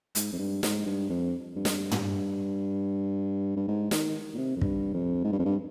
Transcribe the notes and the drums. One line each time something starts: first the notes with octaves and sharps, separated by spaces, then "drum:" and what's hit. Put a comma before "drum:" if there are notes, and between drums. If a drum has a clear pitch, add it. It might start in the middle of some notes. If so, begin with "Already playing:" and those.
G#2, drum: hi-hat
F2
G2
G#2, drum: snare
G2
F2
G2
drum: snare
drum: tom
G2
G#2
D#3, drum: snare
A#2
C3
F2
G2, drum: kick
F2
G#2
G2
F2
G2